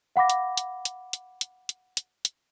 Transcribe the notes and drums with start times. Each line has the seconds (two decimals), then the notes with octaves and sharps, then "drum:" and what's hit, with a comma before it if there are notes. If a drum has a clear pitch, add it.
0.16 F5 F#5 B5 D6 A#6
0.30 drum: hi-hat
0.57 drum: hi-hat
0.85 drum: hi-hat
1.13 drum: hi-hat
1.41 drum: hi-hat
1.69 drum: hi-hat
1.97 drum: hi-hat
2.25 drum: hi-hat